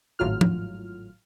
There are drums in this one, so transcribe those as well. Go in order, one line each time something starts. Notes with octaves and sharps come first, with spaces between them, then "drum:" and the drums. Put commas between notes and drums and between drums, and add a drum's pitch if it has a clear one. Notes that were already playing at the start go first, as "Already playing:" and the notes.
G#1 A2 F#3 F4 F6
drum: tom F3